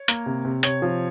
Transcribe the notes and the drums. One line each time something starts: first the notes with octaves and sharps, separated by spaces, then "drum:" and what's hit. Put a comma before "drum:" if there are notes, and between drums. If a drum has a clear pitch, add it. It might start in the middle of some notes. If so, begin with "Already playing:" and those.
Already playing: C#5
A#3, drum: hi-hat
C3
C3
C3 C#5, drum: hi-hat
F3